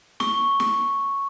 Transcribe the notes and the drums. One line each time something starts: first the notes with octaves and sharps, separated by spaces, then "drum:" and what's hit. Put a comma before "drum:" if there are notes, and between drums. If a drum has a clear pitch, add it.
C#6, drum: snare
drum: snare